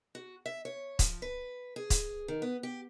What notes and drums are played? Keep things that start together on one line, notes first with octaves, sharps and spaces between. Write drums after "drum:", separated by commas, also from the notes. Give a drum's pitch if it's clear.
F#4
E5
C#5
F3, drum: kick C#1, hi-hat
B4
G#4
drum: kick C#1, hi-hat
D#3
B3
G4